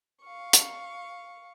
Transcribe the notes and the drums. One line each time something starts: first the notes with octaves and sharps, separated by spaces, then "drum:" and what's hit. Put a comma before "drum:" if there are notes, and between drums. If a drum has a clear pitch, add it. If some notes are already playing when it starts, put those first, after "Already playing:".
F5 C#6
drum: hi-hat